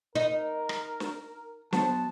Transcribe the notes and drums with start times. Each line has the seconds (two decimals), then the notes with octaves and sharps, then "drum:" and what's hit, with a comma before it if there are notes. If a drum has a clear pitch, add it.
0.15 D#4 A#4
0.69 drum: rim click
1.00 drum: snare
1.73 F#3 B3 C5 A5, drum: snare